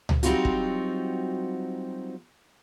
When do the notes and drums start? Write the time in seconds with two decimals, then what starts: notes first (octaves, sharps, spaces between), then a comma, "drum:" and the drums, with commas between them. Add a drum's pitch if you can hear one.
0.09 drum: tom C#2
0.23 F#3 G3 C4 D#4 F4 F#4, drum: hi-hat
0.45 drum: kick